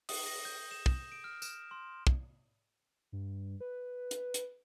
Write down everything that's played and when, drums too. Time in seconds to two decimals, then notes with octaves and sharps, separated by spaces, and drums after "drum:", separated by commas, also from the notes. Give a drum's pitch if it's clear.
0.09 D#6, drum: open hi-hat
0.26 A#6
0.45 G6
0.71 E7
0.86 drum: kick
1.12 D7
1.24 F6
1.42 E7, drum: tambourine
1.71 C6
2.07 drum: kick
3.12 G2
3.60 B4
4.11 drum: hi-hat
4.34 drum: hi-hat